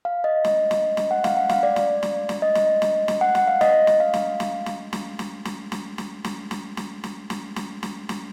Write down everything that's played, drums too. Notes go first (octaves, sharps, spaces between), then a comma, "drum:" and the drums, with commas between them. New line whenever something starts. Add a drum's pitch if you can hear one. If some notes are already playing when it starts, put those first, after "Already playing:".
F5
D#5
D#5, drum: snare
drum: snare
drum: snare
F#5
F5, drum: snare
F#5
F5, drum: snare
D5
drum: snare
drum: snare
drum: snare
D#5
drum: snare
drum: snare
drum: snare
F#5
F#5, drum: snare
F5
D#5, drum: snare
drum: snare
F5
drum: snare
drum: snare
drum: snare
drum: snare
drum: snare
drum: snare
drum: snare
drum: snare
drum: snare
drum: snare
drum: snare
drum: snare
drum: snare
drum: snare
drum: snare
drum: snare